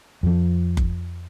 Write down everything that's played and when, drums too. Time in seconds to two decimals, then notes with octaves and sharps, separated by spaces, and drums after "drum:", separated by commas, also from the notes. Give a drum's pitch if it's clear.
0.23 F2 F3
0.77 drum: kick F#1